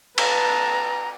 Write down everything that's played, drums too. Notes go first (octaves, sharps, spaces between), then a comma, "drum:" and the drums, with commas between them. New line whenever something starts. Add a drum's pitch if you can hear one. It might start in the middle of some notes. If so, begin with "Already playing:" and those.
B4 A5 A#5, drum: cymbal